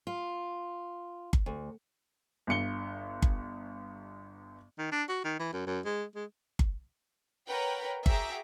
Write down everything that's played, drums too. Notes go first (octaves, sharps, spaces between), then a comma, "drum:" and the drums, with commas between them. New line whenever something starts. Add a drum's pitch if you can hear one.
F4
drum: kick G1
D2
G1 G2 C#7 G7
drum: kick G1
D#3
D4
F#4
D#3
E3
F#2
F#2
G#3
G#3
drum: kick G1
A#4 B4 C#5 F#5 G5 B5
F#4 G#4 E5 G5 A#5 D6, drum: kick G1